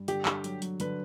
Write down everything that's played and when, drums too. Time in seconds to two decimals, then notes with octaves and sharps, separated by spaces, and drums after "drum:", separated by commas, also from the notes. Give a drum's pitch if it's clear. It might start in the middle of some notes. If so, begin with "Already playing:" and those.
Already playing: G2
0.08 D3 G4, drum: hi-hat
0.25 D3, drum: clap
0.44 F#3, drum: hi-hat
0.62 F#3, drum: hi-hat
0.80 D3 B4, drum: hi-hat